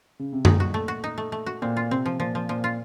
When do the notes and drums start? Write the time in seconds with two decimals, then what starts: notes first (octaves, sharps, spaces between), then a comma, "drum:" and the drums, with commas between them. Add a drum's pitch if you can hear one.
0.19 C#3
0.33 C3
0.45 A#2 D#4, drum: tom F#2
0.60 F#4
0.74 A3
0.88 F#4
1.04 D#4
1.18 A3
1.32 A3
1.46 F#4
1.62 A#2 C4
1.77 F4
1.91 C3 C4
2.06 F3
2.20 A#2 F3
2.35 F3
2.49 A#2 F3
2.64 F4